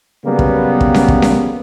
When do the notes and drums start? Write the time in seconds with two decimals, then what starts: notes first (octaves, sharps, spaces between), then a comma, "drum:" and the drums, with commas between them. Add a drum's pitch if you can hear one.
0.25 C#3 F#3 G3 A#3 B3
0.39 drum: kick
0.81 drum: kick
0.94 drum: snare C#4
1.08 drum: kick
1.22 drum: snare C#4